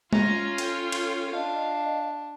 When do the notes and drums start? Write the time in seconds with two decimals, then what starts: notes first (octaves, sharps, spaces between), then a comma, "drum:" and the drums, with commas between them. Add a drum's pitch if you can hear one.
0.13 C#4 F4 A#5, drum: tom G#3
0.58 A4 C#5 G5, drum: hi-hat
0.92 drum: cymbal
1.33 D4 D#5 F5